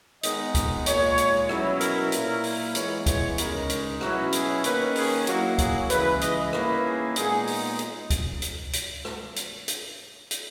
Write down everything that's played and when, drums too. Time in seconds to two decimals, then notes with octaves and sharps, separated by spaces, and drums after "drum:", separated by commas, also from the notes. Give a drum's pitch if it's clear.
0.23 D#3 G#3 B3 D#4 D#5, drum: hi-hat
0.55 D#5, drum: kick C#2, hi-hat
0.86 A#2 G#3 D#4 C#5, drum: hi-hat
1.18 drum: hi-hat
1.49 B2 F#3 C#4 E4, drum: rim click
1.81 A#4, drum: hi-hat
2.12 A#2 A#3 E4, drum: hi-hat
2.44 drum: open hi-hat
2.75 E3 G#3 B3 C#5, drum: hi-hat
3.06 C#5, drum: kick C#2, hi-hat
3.38 C#3 G#3 D#4 A#4, drum: hi-hat
3.70 drum: hi-hat
4.01 B2 F#3 C#4 E4 F#4, drum: rim click
4.32 G#4, drum: hi-hat
4.64 D#3 A#3 C#4 B4, drum: hi-hat
4.96 G#4, drum: open hi-hat
5.27 F#3 A#3 E4 F#4, drum: hi-hat
5.58 G#4, drum: kick C#2, hi-hat
5.90 C#3 E3 G#3 B4, drum: hi-hat
6.21 D#5, drum: hi-hat
6.53 D#3 A#3 C#4 E4 B4, drum: rim click
6.85 G#4
7.16 A#2 G#3 B3 D#4 G#4, drum: hi-hat
7.47 drum: open hi-hat
7.79 drum: hi-hat
8.10 drum: kick C#2, hi-hat
8.42 drum: hi-hat
8.73 drum: hi-hat
9.05 drum: rim click
9.36 drum: hi-hat
9.68 drum: hi-hat
10.31 drum: hi-hat